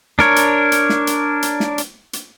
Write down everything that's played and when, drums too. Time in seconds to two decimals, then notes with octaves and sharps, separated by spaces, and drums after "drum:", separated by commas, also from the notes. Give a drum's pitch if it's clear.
0.19 D4 A#4 C#5, drum: snare
0.36 drum: hi-hat
0.72 drum: hi-hat
0.89 drum: snare
1.07 drum: hi-hat
1.42 drum: hi-hat
1.60 drum: snare
1.78 drum: hi-hat
2.13 drum: hi-hat